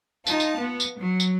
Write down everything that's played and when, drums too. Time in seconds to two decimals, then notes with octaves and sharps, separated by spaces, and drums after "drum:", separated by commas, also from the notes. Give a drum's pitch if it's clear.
0.27 D#4 F4 A5, drum: tambourine
0.40 drum: tambourine
0.58 B3
0.80 drum: tambourine
0.98 F#3
1.20 drum: tambourine